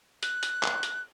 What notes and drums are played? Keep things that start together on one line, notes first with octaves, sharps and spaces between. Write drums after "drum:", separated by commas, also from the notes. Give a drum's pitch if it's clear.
F#6, drum: hi-hat
drum: hi-hat
drum: clap
drum: hi-hat